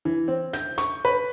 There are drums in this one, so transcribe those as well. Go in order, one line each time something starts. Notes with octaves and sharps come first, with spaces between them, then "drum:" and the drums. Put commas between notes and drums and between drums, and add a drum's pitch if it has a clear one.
E3
C4
G6, drum: hi-hat
C#6, drum: hi-hat
B4